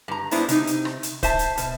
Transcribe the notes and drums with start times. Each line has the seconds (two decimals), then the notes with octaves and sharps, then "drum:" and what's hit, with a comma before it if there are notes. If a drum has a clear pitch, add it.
0.08 G2 A#5
0.31 G#3 B3 D4 E4 C5, drum: open hi-hat
0.48 C3 D#4, drum: hi-hat
0.67 drum: hi-hat
0.85 drum: rim click
1.03 drum: hi-hat
1.23 C5 E5 A5, drum: kick D1, hi-hat
1.39 drum: hi-hat
1.57 B2, drum: hi-hat